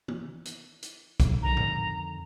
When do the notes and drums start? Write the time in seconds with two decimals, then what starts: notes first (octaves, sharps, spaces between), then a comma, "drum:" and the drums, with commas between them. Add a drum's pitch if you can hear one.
0.08 drum: tom
0.45 drum: hi-hat
0.83 drum: hi-hat
1.20 B1, drum: kick B1, hi-hat
1.43 F2 D3 D#3 A#5
1.57 drum: tom A2